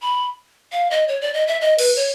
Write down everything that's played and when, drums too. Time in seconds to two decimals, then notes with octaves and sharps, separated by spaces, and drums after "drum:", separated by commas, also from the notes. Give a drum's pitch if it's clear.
0.02 B5
0.72 F5
0.91 D#5
1.08 C#5
1.21 D5
1.34 D#5
1.48 E5
1.61 D#5
1.78 B4, drum: cymbal
1.96 C#5